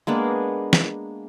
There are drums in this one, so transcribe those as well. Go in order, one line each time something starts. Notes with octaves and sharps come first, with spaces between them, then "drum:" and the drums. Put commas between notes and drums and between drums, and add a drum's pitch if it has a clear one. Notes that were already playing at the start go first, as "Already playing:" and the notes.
G#3 A#3 B3 D4
drum: snare